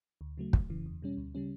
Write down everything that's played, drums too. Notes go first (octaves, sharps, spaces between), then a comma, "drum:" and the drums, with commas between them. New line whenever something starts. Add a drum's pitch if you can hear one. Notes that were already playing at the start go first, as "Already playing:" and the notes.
D2
C#3 F#3 A3
G1, drum: kick
F#2 C#3 E3
E2
B2 G3 C#4
D2
C#3 G3 C#4